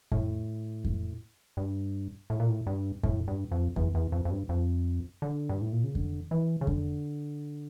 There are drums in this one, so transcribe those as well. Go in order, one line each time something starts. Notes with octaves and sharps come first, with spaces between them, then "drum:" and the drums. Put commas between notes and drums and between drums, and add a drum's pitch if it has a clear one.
A2, drum: kick F2
drum: kick F2
G2
A2
A#2
A2
G2
A2, drum: kick F2
G2
F2
E2, drum: kick F2
E2
F2
F2
G2
F2
D3
G2
A2
A#2
C#3
D3, drum: kick F2
E3
C#3
D3, drum: kick F2